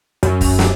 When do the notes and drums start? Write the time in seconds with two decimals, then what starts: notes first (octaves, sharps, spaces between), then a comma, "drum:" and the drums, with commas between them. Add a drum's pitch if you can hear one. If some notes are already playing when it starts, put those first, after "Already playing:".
0.23 F#2, drum: hi-hat
0.41 drum: kick, open hi-hat
0.59 drum: snare